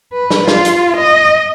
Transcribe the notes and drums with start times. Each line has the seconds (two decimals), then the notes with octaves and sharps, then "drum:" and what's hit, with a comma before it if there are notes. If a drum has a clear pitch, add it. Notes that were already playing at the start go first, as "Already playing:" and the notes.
0.13 B4
0.30 drum: snare
0.47 F4, drum: snare
0.65 drum: hi-hat
0.97 D#5